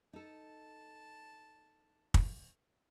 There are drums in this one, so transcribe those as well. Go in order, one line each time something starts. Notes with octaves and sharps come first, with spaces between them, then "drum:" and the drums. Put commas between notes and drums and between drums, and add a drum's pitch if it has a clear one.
D#4 A4 A5
drum: kick